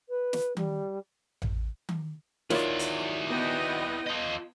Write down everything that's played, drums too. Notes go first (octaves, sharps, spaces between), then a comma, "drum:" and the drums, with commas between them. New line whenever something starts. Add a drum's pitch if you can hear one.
B4
drum: snare
G3, drum: tom D#3
drum: tom A1
drum: tom D#3
D#3 F#3 E4 F4 D5, drum: snare
drum: hi-hat
B3 D#5 G5
F4 D#5